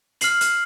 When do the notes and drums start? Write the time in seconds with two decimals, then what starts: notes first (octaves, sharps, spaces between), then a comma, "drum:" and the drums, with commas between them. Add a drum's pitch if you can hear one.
0.21 F6 C7 F#7, drum: hi-hat
0.41 drum: hi-hat